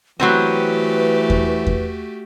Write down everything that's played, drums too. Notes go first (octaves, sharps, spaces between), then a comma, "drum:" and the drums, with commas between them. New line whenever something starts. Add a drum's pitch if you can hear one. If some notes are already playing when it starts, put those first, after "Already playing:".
E3 F#3 A3 B3 C4 F#4 G4 B4
drum: kick E2
drum: kick E2